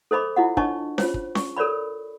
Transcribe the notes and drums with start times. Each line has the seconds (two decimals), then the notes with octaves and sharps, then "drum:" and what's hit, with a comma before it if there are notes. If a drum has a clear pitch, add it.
0.11 A4 C5 D#5 B5 D6
0.36 E4 F4 D#5 F#5
0.57 D4 C#5 D#5 A5 C#6, drum: kick
0.98 F4 C5 C#5, drum: snare C#4
1.14 drum: kick
1.35 C#6, drum: snare C#4
1.57 A4 A#4 C#5 D5 B5